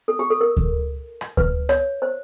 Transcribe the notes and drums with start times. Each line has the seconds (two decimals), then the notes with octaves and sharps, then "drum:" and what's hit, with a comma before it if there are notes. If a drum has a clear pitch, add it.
0.08 A4
0.19 G4
0.30 A4
0.41 A#4
0.57 drum: kick D2
1.21 drum: rim click
1.37 B4, drum: kick D2
1.69 C#5, drum: rim click
2.02 C5